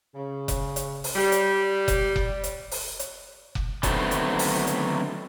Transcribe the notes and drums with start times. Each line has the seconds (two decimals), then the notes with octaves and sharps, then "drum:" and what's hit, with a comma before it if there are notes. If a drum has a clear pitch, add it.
0.15 C#3
0.48 drum: kick F1, hi-hat
0.76 drum: hi-hat
1.04 drum: open hi-hat
1.16 G3
1.32 drum: hi-hat
1.88 drum: kick F1, hi-hat
2.16 drum: kick F1
2.44 drum: hi-hat
2.71 drum: open hi-hat
2.99 drum: hi-hat
3.55 drum: kick F1
3.83 D3 D#3 F#3 A3 B3 C4, drum: kick F1, hi-hat
4.11 drum: hi-hat
4.39 drum: open hi-hat
4.67 drum: hi-hat